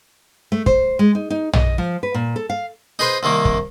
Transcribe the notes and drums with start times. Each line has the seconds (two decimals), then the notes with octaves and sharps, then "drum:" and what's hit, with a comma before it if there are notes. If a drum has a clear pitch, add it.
0.52 A3
0.66 C5, drum: kick
0.99 G#3
1.15 D#4
1.30 D#4
1.53 D#5, drum: tom
1.78 F3
2.03 B4
2.14 A#2
2.36 A4
2.50 F5
2.99 D#4 G#4 B4 C5
3.23 C2 C3 D#3 A#3
3.45 drum: kick